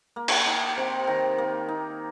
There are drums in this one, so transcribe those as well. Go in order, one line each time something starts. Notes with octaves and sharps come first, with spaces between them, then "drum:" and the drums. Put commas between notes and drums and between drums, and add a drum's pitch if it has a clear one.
A#3
drum: cymbal
D#4
C3
D#3
A#3
D#4